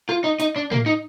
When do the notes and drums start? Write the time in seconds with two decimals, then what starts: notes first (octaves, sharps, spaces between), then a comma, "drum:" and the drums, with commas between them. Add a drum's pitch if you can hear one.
0.09 F4, drum: rim click
0.24 D#4
0.40 D#4, drum: hi-hat
0.56 D4
0.72 A#3, drum: tom A2
0.86 D#4